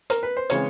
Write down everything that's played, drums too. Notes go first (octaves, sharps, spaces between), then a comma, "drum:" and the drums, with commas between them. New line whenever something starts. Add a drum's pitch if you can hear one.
A#4, drum: hi-hat
B4
C5
C#3 E3 G#3 C4 C#5, drum: hi-hat